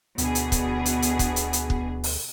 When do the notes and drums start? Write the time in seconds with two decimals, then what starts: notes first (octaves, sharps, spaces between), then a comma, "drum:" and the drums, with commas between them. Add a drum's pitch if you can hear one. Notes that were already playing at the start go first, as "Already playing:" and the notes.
0.18 D2 B2 D3 B3 G#4, drum: hi-hat
0.35 drum: hi-hat
0.52 drum: kick, hi-hat
0.86 drum: hi-hat
1.02 drum: hi-hat
1.19 drum: kick, hi-hat
1.36 drum: hi-hat
1.53 drum: hi-hat
1.70 drum: kick
2.04 drum: open hi-hat